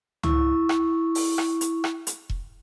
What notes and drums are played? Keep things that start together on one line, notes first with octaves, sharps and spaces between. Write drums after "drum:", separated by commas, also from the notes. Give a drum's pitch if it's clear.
E4 C#6, drum: tom
drum: rim click
drum: open hi-hat
drum: rim click
drum: hi-hat
drum: rim click
drum: hi-hat
drum: kick E1